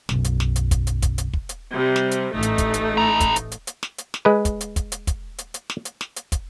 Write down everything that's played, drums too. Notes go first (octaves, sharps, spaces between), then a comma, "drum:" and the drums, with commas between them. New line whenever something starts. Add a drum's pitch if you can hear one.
B1 F#2, drum: snare
drum: hi-hat
drum: snare
drum: hi-hat
drum: kick, hi-hat
drum: hi-hat
drum: kick, hi-hat
drum: hi-hat
drum: kick
drum: hi-hat
C3 G3
drum: snare
drum: hi-hat
A1 A3 D#4
drum: hi-hat
drum: kick, hi-hat
drum: hi-hat
E4 A#5
drum: kick, hi-hat
drum: hi-hat
drum: hi-hat
drum: hi-hat
drum: snare
drum: hi-hat
drum: snare
G#3 B4
drum: kick, hi-hat
drum: hi-hat
drum: kick, hi-hat
drum: hi-hat
drum: kick, hi-hat
drum: hi-hat
drum: hi-hat
drum: snare
drum: hi-hat
drum: snare
drum: hi-hat
drum: kick, hi-hat